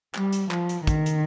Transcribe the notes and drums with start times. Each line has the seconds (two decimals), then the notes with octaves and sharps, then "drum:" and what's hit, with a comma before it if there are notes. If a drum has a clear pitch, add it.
0.15 G3, drum: clap
0.33 drum: hi-hat
0.51 F3, drum: clap
0.69 drum: hi-hat
0.87 D#3, drum: kick, hi-hat
1.06 drum: hi-hat